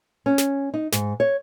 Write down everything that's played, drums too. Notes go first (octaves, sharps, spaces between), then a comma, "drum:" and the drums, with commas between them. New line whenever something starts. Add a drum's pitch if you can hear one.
C#4
drum: snare
D#4
G#2, drum: snare
C#5